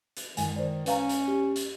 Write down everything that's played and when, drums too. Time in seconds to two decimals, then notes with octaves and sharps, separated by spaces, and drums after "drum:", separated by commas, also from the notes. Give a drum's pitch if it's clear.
0.17 drum: hi-hat
0.37 F#2 D#3 G#3 G#5, drum: hi-hat
0.56 D#3 C5 D5
0.86 C#4 B4 F5 A#5, drum: hi-hat
1.09 drum: hi-hat
1.28 G4
1.56 drum: hi-hat